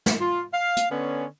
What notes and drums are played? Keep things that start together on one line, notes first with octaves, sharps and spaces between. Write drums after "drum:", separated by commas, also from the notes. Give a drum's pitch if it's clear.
drum: snare
F4
F5
drum: hi-hat
D3 B3 C#4